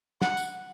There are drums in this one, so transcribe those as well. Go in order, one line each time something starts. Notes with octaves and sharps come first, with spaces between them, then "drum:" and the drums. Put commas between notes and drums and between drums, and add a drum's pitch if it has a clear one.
F#5, drum: snare
drum: tambourine